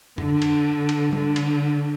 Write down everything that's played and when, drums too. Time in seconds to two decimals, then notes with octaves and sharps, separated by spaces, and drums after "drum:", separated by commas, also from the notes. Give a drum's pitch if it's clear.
0.18 D3, drum: tom F2
0.42 drum: cymbal
0.89 drum: cymbal
1.13 D3, drum: tom
1.36 drum: cymbal